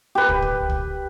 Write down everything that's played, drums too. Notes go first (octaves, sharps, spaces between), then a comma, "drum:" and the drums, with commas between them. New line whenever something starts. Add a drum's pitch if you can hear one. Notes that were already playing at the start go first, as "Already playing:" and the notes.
G4 B4
drum: kick
drum: kick
drum: kick